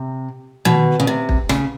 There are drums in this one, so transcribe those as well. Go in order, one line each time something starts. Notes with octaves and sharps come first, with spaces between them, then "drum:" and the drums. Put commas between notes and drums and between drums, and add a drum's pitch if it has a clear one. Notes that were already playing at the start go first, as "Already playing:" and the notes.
Already playing: C3
B2, drum: tom D#3
C#3
C3
drum: kick
C#3, drum: rim click